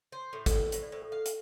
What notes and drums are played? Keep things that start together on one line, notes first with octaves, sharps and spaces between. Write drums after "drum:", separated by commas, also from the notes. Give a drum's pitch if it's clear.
C5
A2 A4
A4, drum: kick, hi-hat
A2
A2 C5, drum: hi-hat
D5
A2 C5
A4
F5
drum: hi-hat